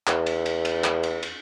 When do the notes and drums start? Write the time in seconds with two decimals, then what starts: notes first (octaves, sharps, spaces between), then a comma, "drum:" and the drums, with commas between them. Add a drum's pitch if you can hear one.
0.07 E2, drum: clap
0.26 drum: cymbal
0.46 drum: cymbal
0.65 drum: cymbal
0.84 drum: clap
1.03 drum: cymbal
1.23 drum: cymbal